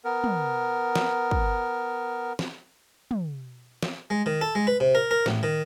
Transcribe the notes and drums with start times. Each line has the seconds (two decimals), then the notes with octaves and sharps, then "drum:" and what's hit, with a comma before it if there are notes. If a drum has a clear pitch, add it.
0.05 B3 A#4
0.24 drum: tom
0.95 drum: snare
1.31 drum: kick
2.39 drum: snare
3.11 drum: tom
3.83 drum: snare
4.10 G#3
4.26 D#3
4.41 A4
4.55 G#3
4.67 B4
4.80 C3
4.95 A#4
5.11 A#4
5.26 A1, drum: snare
5.43 D#3